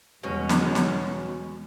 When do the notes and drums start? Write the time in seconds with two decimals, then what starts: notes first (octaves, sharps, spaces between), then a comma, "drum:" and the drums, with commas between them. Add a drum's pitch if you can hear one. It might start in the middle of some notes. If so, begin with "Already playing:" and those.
0.23 E2 B2 G3 G#3 C#4 F#4 C#5
0.49 drum: snare
0.75 drum: snare